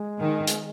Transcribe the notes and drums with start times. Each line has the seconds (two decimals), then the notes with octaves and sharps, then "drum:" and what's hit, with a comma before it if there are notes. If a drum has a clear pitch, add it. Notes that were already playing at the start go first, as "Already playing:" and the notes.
Already playing: G#3
0.18 D#3
0.47 drum: hi-hat